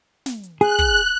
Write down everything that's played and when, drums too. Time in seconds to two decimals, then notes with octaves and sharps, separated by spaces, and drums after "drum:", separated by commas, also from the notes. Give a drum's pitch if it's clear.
0.26 drum: snare
0.43 drum: hi-hat
0.61 G#4 F#6, drum: hi-hat
0.79 drum: kick, hi-hat
0.96 drum: hi-hat